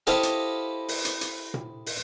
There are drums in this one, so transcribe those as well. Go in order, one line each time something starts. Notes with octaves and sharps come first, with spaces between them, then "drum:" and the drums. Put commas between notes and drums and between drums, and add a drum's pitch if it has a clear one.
E4 G4 A4 C5 D#5 F5, drum: hi-hat
drum: hi-hat
drum: open hi-hat
drum: hi-hat
drum: hi-hat
drum: tom A#2
drum: open hi-hat